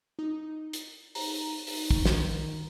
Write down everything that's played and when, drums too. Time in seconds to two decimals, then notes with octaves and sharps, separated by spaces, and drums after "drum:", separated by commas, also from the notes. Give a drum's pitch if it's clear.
0.19 D#4
0.73 drum: hi-hat
1.15 D#4 A#5, drum: open hi-hat
1.67 D#4, drum: open hi-hat
1.91 drum: kick
2.05 D#3, drum: snare